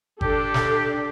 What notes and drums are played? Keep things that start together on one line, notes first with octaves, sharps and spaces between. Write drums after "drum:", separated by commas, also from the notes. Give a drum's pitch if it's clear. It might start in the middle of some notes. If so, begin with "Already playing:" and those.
D4 G4 A4, drum: kick G1
drum: snare